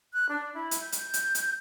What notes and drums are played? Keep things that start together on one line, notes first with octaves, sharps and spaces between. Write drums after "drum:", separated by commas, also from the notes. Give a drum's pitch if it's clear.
F#6
D4
E4
drum: hi-hat
G6
drum: hi-hat
drum: hi-hat
drum: hi-hat